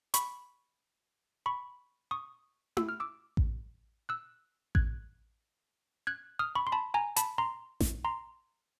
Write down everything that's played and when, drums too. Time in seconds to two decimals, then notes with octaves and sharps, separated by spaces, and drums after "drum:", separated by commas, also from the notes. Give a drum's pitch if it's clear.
0.14 B5 C#6, drum: hi-hat
1.46 B5 C#6
2.11 C#6 D#6
2.77 E6, drum: tom E4
2.89 F6
3.00 D6 E6
3.37 drum: kick A1
4.09 E6 F#6
4.75 F#6 G#6, drum: kick A1
6.07 F#6 G#6
6.39 D#6 F6
6.55 B5 C#6
6.67 C6
6.72 A5 B5
6.94 G#5 A#5
7.16 A5 B5, drum: hi-hat
7.38 A#5 C6
7.80 drum: snare A1
8.05 A#5 C6